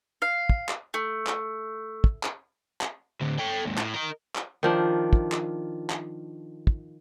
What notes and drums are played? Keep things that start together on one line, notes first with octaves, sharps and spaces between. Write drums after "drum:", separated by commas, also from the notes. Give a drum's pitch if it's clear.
F5
drum: kick
drum: clap
A3
drum: clap
drum: kick
drum: clap
drum: clap
A2 D3
A4 G5
D#2 G#2
A2, drum: clap
A#4 D#5
drum: clap
D#3 F3 D4
drum: kick
drum: clap
drum: clap
drum: kick